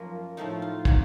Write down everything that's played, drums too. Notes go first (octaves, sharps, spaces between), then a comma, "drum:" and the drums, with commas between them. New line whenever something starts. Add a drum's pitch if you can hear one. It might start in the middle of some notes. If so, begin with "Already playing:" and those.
Already playing: F#2 F3 A#3 A#4
A2 F3 A3 D#4
F4
C#3 F#3 A#3 D#4, drum: kick